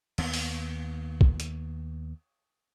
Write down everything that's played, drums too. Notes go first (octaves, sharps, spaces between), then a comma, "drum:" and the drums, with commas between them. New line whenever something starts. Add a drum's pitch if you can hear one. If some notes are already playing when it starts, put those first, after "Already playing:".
D#2 B3, drum: cymbal
drum: open hi-hat
drum: kick
drum: hi-hat